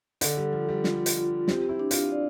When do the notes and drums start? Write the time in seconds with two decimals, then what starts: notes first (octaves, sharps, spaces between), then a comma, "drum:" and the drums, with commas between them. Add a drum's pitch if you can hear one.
0.21 D3 A4, drum: hi-hat
0.37 G3
0.52 F3 F4
0.69 G3
0.84 F4, drum: snare
1.06 drum: hi-hat
1.17 F4
1.48 C4 G4, drum: snare
1.69 E4
1.79 D4
1.91 F4, drum: hi-hat
2.12 D5